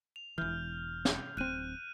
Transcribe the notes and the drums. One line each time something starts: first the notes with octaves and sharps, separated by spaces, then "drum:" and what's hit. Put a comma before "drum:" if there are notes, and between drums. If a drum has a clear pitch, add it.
F7
E1 E3 F6 G6
drum: snare
D1 C4 F#6 D#7